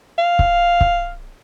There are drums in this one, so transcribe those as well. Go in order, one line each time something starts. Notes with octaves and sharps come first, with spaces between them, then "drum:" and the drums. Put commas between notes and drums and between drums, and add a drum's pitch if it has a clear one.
F5
drum: kick C#1
drum: kick C#1